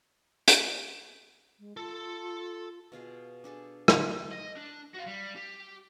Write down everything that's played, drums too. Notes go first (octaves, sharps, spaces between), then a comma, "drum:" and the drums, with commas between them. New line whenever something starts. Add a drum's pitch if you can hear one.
drum: hi-hat
G#3
F4 A4 A5
B2 F4 G#4 F5
D4 G#4 A4 A5
drum: rim click
D#5
D4
F#4 F5
G3
G4